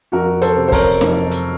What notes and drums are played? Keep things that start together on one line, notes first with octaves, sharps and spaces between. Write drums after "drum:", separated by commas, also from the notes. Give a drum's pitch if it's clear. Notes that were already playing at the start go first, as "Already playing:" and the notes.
F2 F#4 A#4
A4 C5, drum: hi-hat
C3
C5
A#4 C#5, drum: kick, open hi-hat
F2, drum: snare D#4
drum: hi-hat